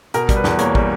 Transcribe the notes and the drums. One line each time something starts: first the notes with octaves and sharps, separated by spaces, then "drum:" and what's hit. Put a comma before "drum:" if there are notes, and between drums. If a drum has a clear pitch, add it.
B2 A#4, drum: hi-hat
G3, drum: kick, hi-hat
B4
E2, drum: snare
A#3 C#5, drum: hi-hat
G3, drum: kick